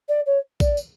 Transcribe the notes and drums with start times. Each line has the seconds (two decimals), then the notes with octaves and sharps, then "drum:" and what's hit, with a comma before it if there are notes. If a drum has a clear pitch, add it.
0.08 D5
0.26 C#5
0.60 D5, drum: kick A#1, tambourine
0.77 drum: tambourine